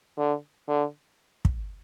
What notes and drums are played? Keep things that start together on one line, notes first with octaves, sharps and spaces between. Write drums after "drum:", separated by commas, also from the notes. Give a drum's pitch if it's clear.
D3
D3
drum: kick